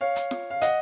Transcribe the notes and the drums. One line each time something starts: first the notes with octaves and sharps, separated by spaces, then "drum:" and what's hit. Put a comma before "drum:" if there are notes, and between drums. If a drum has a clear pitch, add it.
C#5 F5
drum: hi-hat
drum: snare F4
F5
D#5 F#5, drum: hi-hat